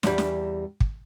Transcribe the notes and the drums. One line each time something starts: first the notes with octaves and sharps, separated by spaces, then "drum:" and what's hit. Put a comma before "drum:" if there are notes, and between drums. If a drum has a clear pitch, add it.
E2 G3, drum: snare
drum: snare
drum: kick